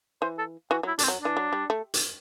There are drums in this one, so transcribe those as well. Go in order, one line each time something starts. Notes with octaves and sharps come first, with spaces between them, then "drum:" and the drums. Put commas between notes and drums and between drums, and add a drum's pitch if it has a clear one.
E3 C5
A4
E3 F#4
F#3
E4
D4, drum: hi-hat
C4
F#3
E3 D4
F#3
G3
A3
drum: hi-hat